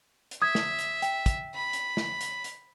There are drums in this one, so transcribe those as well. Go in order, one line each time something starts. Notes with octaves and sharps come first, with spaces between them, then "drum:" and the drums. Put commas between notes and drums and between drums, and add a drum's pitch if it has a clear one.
drum: hi-hat
E5 D#6 G#6
drum: snare
drum: hi-hat
G5, drum: hi-hat
drum: kick, hi-hat
B5
drum: hi-hat
drum: snare
drum: hi-hat
drum: hi-hat